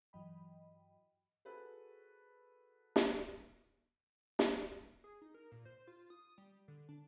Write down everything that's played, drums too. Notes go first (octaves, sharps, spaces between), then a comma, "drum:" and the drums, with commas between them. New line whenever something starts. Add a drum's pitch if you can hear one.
G2 E3 F#3 D#5 G5 B5
F#4 G#4 A4 B4 C5
drum: snare
drum: snare
G#4
D#4
A#4
A#2
C5
F4
D#6
G3
D3
D4